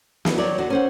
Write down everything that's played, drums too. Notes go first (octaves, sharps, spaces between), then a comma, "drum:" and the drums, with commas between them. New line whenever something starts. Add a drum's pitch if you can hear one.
E3 B3, drum: snare
D#2 F#3 C#5 D5
D3 F#4
C#4 C5 F#5